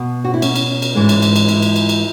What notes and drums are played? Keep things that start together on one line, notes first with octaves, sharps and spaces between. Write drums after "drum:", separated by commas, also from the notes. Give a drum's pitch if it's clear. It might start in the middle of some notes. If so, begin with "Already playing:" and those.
Already playing: B2 B3
F#4
E4
C#4, drum: cymbal
drum: cymbal
drum: cymbal
G#2 E3 G#3
drum: cymbal
drum: cymbal
drum: cymbal
E4, drum: cymbal
drum: cymbal
drum: cymbal
drum: cymbal